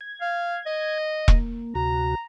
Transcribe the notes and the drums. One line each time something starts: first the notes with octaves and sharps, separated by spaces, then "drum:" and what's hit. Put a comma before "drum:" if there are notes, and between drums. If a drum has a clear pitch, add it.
G#6
F5
D#5
A#3, drum: kick E1
D2 C3 F#4 A#5